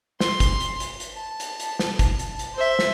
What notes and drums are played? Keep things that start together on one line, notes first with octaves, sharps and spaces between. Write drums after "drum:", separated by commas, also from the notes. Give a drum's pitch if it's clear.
C6, drum: snare
drum: kick, hi-hat
drum: hi-hat
drum: hi-hat
drum: hi-hat
A5
drum: hi-hat
drum: hi-hat
drum: snare
drum: kick, hi-hat
drum: hi-hat
drum: hi-hat
C5 E5
drum: snare